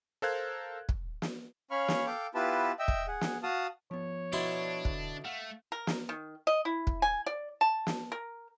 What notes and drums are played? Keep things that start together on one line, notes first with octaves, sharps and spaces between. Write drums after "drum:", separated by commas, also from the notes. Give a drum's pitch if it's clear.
A4 A#4 C5 F5 F#6 G#6
drum: kick
drum: snare
C#4 C#5 F5 B5 C#6 F6
drum: snare
A4 F5 G5 D6
B3 E4 F4 G4 B4 A5
D#5 E5 G5 E6
drum: kick
G#4 F#5
drum: snare
F#4 F5 A5 D#6
F3 B3 C#5
B2 D4 E4 C6
D3, drum: kick
A3 F5 F#5
A#4
drum: snare
D#3
D#5
E4
drum: kick
G#5
D5
A5
drum: snare
A#4